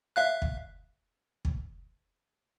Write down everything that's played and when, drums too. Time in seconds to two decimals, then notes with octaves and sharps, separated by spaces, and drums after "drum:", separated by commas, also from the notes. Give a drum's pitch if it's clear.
0.16 E5 F5 F#6
0.42 drum: kick
1.45 drum: kick